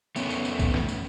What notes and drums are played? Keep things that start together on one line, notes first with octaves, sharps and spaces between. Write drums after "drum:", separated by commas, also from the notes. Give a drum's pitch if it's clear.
A3 B3 C#4, drum: tambourine
drum: tambourine
drum: tambourine
drum: kick, tambourine
drum: snare
drum: tambourine